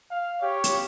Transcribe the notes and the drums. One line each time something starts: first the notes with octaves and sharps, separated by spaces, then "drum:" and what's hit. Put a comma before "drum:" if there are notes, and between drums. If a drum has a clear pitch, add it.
F5
G4 C#5
drum: hi-hat